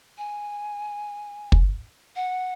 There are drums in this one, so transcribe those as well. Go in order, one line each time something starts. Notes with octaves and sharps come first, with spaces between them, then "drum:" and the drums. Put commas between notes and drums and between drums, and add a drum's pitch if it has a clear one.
G#5
drum: kick
F#5